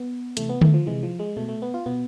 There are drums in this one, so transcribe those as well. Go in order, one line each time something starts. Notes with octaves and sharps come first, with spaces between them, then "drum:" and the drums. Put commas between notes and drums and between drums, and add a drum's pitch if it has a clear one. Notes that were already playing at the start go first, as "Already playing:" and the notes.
Already playing: B3
C3 E3 A3, drum: hi-hat
B3
A3, drum: tom D3
F3
C3 E3 G#3
F3
G#3
B2 A3
A3
B3
F4
B2 B3